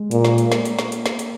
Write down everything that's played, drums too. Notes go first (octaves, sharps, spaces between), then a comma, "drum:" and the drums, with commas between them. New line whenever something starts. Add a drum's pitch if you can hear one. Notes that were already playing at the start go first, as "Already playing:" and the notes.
Already playing: G#3
A#2, drum: hi-hat
drum: snare
drum: hi-hat
drum: snare
A#3, drum: hi-hat
drum: snare
drum: hi-hat
drum: snare
drum: hi-hat